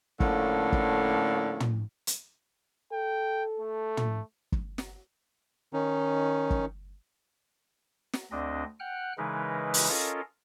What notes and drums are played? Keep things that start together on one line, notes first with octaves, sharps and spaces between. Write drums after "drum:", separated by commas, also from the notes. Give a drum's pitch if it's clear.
A2 D3 F3 A#3 C#4, drum: kick
drum: kick
drum: tom
drum: hi-hat
A4 G5
A3
drum: tom
drum: kick
drum: snare
D#3 C#4 D#4
drum: kick
drum: snare
D2 C4 D4 D#5
F#5 G5 F6 F#6
C#3 E3 G#3 D#4 A#4 B4
drum: open hi-hat
C#4 F4 A4 A#4 D#5 F5